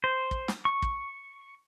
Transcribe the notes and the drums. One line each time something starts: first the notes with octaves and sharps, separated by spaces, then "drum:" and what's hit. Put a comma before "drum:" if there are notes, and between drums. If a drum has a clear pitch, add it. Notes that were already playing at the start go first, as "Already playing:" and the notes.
C5
drum: kick
drum: snare
C#6
drum: kick